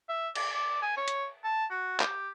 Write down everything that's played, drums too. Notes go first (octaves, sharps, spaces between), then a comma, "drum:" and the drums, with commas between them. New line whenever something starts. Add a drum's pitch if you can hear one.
E5
D5, drum: cymbal
D5
G#5
C#5
drum: hi-hat
A5
F#4
G4, drum: clap